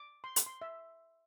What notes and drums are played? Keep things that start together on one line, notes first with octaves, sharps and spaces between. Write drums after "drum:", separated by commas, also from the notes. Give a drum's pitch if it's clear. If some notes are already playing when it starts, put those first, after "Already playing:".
Already playing: D6
C6
drum: hi-hat
C6
E5